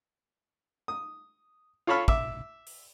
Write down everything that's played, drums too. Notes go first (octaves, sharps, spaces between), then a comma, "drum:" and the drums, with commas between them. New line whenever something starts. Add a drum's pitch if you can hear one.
D#6
F4 A4 C#5 A5 B5 F6
E5 D6, drum: kick
drum: open hi-hat